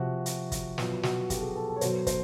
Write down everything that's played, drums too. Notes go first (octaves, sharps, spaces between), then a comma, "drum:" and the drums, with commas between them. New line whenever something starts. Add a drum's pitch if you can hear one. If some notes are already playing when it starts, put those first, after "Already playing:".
Already playing: C3 F3 F#4
drum: hi-hat
drum: kick, hi-hat
B2 F#3 F4, drum: snare
F#4, drum: snare
G4, drum: kick, hi-hat
A4
G#4
A4
A4
C#5
B2 F#3 C5, drum: hi-hat
C5, drum: kick, hi-hat